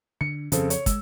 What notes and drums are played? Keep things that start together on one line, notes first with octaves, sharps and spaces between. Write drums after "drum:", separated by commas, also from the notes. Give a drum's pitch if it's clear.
D3 C#7
F2 C#3 F3 C4 C#4 A4, drum: hi-hat
C#5, drum: hi-hat
G#3 E6, drum: kick, hi-hat